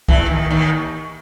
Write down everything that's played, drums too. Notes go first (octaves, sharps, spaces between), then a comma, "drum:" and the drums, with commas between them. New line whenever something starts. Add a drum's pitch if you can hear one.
E2 E3, drum: kick
D#2 D#3
D#2 D#3